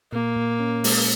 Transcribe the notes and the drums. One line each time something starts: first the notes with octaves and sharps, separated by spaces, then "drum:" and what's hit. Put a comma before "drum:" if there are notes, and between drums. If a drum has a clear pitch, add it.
A#2 A#3
A#2
C#4
G#3, drum: open hi-hat